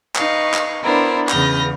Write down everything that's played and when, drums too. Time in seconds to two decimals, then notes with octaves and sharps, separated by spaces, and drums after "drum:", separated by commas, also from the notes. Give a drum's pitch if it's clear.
0.16 D#4 B4 F5 C#6, drum: clap
0.54 drum: clap
0.83 B3 D4 E4 A#4 C5
1.29 E2 C#3 B4 F6 G6 A#6, drum: clap